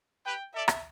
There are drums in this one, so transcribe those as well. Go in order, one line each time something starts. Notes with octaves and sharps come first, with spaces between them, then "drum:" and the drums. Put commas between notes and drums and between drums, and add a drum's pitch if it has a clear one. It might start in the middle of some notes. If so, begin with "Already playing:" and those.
G4 B4 G5
A4 D5 E5
drum: rim click